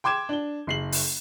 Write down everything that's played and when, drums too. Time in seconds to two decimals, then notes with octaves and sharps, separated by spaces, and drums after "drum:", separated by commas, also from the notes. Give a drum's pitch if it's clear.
0.04 G5 C6 D6 G#6 E7
0.29 D4 G7
0.67 F#1 C7 F#7
0.92 drum: open hi-hat